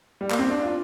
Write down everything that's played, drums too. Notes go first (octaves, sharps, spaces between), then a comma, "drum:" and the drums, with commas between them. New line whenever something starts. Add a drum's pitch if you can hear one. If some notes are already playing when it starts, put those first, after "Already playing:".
G3
A#3, drum: clap
C4
D4
F4